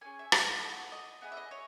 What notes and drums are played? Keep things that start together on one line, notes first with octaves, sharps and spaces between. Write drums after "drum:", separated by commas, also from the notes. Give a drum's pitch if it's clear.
A3 C#4 G#4 G#5
E5
F#5, drum: rim click
D#4 F#4 A4
D#5
B3 E4 G#4
E5
D#5
C#5